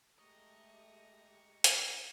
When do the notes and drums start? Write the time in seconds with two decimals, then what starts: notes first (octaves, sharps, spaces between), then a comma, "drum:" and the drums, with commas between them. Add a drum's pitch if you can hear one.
0.19 G#3 A3 G4 D#5 A#5 C#6
1.64 drum: hi-hat